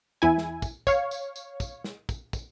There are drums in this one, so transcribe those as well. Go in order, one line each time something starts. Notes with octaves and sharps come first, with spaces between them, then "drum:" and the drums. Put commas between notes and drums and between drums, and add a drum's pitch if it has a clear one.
E2 E4 G#5
drum: snare
drum: kick, tambourine
C#5 F5, drum: kick, tambourine
drum: tambourine
drum: tambourine
drum: kick, tambourine
drum: snare
drum: kick, tambourine
drum: kick, tambourine